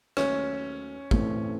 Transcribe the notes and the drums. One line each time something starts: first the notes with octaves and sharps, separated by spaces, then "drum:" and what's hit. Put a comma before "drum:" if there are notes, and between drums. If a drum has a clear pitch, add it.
D#2 D#3 F#3 A3 C#4, drum: rim click
A1 A2 E3 A3 C4, drum: kick